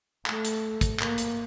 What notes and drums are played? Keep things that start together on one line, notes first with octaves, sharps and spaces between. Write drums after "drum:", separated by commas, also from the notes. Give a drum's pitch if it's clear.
A3, drum: clap
drum: hi-hat
drum: kick, hi-hat
A#3, drum: clap
drum: hi-hat